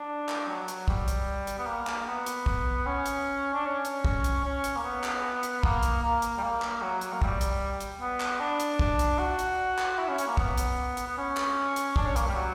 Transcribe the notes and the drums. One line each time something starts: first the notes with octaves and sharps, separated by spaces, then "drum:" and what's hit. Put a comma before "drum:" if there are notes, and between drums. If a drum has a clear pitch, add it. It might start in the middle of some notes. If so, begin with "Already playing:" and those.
Already playing: D4
drum: clap
F#3
drum: hi-hat
G3, drum: kick
drum: hi-hat
drum: hi-hat
B3
A#3
drum: clap
B3
drum: hi-hat
drum: kick
C#4
drum: hi-hat
D4
C#4
drum: hi-hat
drum: kick
drum: hi-hat
C#4
drum: hi-hat
A#3
B3
drum: clap
drum: hi-hat
A#3, drum: kick
drum: hi-hat
A#3
drum: hi-hat
G3
A#3
drum: clap
F#3
drum: hi-hat
A#3
G3, drum: kick
drum: hi-hat
drum: hi-hat
B3
drum: clap
D4
drum: hi-hat
drum: kick
drum: hi-hat
F#4
drum: hi-hat
drum: clap
E4
C#4
C#4, drum: hi-hat
A#3
B3, drum: kick
drum: hi-hat
drum: hi-hat
B3
C#4
drum: clap
drum: hi-hat
D4, drum: kick
C#4
A#3, drum: hi-hat
G3
F#3